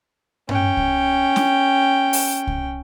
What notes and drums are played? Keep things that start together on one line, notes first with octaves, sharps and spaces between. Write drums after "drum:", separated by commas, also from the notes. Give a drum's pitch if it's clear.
C#4 G5, drum: tom G2
drum: kick C2
drum: snare
drum: open hi-hat
drum: kick C2